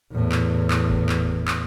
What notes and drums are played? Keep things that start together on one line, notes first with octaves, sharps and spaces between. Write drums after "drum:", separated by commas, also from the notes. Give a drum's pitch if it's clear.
E2 A2
drum: clap
drum: clap
drum: kick G1
drum: clap
drum: clap